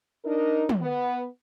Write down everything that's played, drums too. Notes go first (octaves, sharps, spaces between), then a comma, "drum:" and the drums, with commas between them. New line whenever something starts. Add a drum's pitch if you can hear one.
D4 D#4 A#4
drum: tom
B3